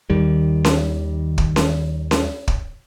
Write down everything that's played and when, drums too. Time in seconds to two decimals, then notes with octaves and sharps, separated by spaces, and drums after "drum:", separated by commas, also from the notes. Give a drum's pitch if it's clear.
0.10 D#2 D#3 G3
0.65 drum: snare C#4
1.38 drum: kick
1.56 drum: snare C#4
2.11 drum: snare C#4
2.48 drum: kick